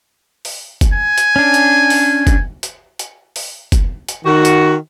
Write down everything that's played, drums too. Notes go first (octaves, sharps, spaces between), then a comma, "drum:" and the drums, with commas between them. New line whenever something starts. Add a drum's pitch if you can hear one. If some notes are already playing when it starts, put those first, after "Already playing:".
drum: open hi-hat
drum: kick, hi-hat
G#5
drum: hi-hat
C#4 D4
drum: hi-hat
drum: open hi-hat
drum: kick, hi-hat
drum: hi-hat
drum: hi-hat
drum: open hi-hat
drum: kick, hi-hat
drum: hi-hat
D#3 F#4
drum: hi-hat